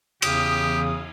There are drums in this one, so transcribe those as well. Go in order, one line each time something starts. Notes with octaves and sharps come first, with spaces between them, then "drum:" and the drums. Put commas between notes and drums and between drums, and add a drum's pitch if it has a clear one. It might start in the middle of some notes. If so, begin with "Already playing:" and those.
E2 C#3 G4 D#6, drum: cymbal